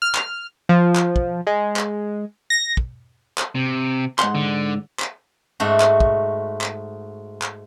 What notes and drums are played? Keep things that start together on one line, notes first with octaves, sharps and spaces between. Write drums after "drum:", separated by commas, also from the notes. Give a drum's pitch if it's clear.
F6
drum: clap
F3
drum: clap
drum: kick
G#3
drum: clap
A#6
drum: kick
drum: clap
C3
G#2 F#5 C6, drum: clap
D3
drum: clap
G#2 A3 F#4
drum: clap
drum: kick
drum: clap
drum: clap